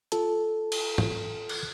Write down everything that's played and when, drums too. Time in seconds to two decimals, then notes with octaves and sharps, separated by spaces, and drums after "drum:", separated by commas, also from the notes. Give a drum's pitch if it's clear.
0.12 F4 A4 A5, drum: hi-hat
0.72 drum: cymbal
0.98 drum: tom G#2
1.49 drum: cymbal